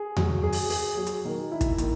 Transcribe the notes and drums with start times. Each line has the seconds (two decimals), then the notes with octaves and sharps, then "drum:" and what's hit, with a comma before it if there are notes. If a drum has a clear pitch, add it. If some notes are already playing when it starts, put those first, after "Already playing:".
Already playing: G#4
0.17 F#3, drum: tom E2
0.43 G#4
0.52 drum: open hi-hat
0.70 G#4, drum: open hi-hat
0.97 F#3
1.07 drum: hi-hat
1.25 D#3
1.51 E4
1.61 drum: kick, hi-hat
1.78 D#3, drum: hi-hat